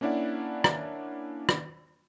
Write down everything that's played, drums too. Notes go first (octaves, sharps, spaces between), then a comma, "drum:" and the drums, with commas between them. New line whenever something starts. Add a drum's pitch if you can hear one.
A#3 C#4 D4 E4 D5 F#5
drum: rim click
drum: rim click